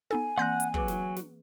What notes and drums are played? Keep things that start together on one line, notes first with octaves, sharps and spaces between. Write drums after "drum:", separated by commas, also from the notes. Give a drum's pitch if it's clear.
B3 D#4 A4 G#5
E3 A#3 C4 F#5 C6 F#6 G6 A#6
drum: hi-hat
F#3 G#4 B4 D6, drum: kick
drum: snare
drum: snare